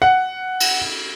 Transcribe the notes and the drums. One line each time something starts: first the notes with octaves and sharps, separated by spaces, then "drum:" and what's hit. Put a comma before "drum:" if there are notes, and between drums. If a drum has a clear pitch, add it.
F#5
drum: cymbal